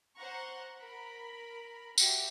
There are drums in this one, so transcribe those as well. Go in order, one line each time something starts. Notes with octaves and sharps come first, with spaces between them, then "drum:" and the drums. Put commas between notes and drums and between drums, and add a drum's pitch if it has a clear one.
C5 F#5 A#5 C#6
A#4 B5
F#4 G4 E5, drum: tambourine